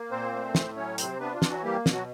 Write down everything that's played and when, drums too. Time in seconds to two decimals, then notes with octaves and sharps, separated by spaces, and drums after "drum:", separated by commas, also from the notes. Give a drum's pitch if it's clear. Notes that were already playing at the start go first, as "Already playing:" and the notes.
Already playing: A#3
0.11 A#2 C4 C5
0.33 A3
0.55 A2, drum: snare
0.76 F#3 C#4 C#5
0.98 C3 C4 C5, drum: hi-hat
1.20 B3 D4 B4
1.34 F4
1.42 E3, drum: snare
1.49 F#3 F#4
1.63 G3 A#3 G4
1.86 B2, drum: snare
1.93 F#3 F#4